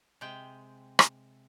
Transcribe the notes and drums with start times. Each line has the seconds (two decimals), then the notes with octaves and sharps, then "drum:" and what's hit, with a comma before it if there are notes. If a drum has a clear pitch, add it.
0.21 C3 G#3 G5
0.99 drum: rim click